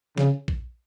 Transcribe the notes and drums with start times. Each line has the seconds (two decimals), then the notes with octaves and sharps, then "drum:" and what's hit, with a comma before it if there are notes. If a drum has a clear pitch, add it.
0.18 C#3, drum: snare
0.48 drum: kick A#1